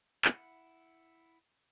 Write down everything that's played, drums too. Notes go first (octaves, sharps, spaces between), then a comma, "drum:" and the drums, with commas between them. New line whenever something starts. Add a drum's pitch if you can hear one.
E4 F#5, drum: clap